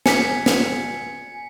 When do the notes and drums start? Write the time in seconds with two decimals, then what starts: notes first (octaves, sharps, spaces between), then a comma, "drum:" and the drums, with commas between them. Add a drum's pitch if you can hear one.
0.06 G#5 B6 C#7, drum: snare
0.46 drum: snare